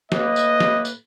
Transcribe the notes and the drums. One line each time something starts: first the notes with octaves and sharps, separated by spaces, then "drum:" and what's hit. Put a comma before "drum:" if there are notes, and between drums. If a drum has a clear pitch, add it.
A2 A#3 B4 D#5, drum: snare
drum: tambourine
drum: snare
drum: tambourine